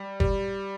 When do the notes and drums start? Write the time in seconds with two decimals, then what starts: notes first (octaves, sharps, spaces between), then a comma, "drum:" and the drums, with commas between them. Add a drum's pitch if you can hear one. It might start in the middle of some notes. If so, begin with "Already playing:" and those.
Already playing: G3
0.20 G3, drum: kick F#1